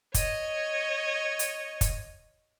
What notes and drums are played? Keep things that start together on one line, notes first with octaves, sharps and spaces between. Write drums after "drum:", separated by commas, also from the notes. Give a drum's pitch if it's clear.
C#5 D#5, drum: kick, hi-hat
drum: hi-hat
drum: kick, hi-hat